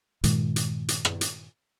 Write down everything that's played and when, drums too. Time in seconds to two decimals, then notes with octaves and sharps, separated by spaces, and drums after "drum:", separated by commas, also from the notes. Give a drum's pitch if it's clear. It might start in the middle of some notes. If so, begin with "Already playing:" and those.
0.24 G2 A#2 D#3 G#3, drum: hi-hat
0.56 drum: hi-hat
0.88 drum: hi-hat
1.05 drum: rim click
1.21 drum: hi-hat